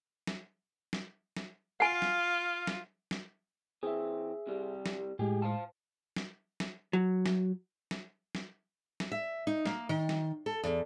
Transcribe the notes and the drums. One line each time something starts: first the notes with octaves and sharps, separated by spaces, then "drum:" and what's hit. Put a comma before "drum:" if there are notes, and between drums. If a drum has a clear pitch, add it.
drum: snare
drum: snare
drum: snare
F4 F5 F#5 G#5
drum: snare
drum: snare
drum: snare
E3 C4 G#4 E5
C3 G3
drum: snare
A2 G#3 G4 G#4
C5 F5 A5
drum: snare
drum: snare
F#3
drum: snare
drum: snare
drum: snare
drum: snare
E5
D#4
A#3, drum: snare
D#3
drum: snare
A4
E2